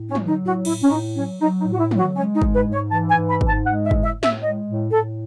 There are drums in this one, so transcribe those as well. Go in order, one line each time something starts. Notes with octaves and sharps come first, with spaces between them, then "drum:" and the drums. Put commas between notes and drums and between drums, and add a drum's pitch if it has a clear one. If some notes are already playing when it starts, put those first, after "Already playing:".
Already playing: A2
C#4
F#3, drum: tom
D#4
A2
F#4
A2 E4, drum: cymbal
C#4
A2 D#4
F#3 C#4
F#3 D#4
D#4
A2
F#4
E4
F#3, drum: tom
F#4
G#3 C#4
D#4
G#2, drum: kick G1
B4
G#2
C#5
E3 A5
G#5
G#2
B5
G#2, drum: kick G1
A5
G#3 F#5
E5
A2, drum: kick G1
E5
A2
E5, drum: snare
G#3 D#5
A2
A2 A4